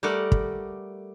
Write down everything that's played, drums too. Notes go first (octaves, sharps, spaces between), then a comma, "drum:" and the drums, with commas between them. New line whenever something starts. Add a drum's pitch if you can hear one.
G3 A3 A#4 D5 F#5
drum: kick